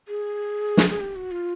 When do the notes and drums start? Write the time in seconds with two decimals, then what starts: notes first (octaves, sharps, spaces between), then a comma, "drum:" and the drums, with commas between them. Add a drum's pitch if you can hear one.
0.08 G#4
0.77 drum: snare
0.90 G#4
1.00 G4
1.16 F#4
1.31 F4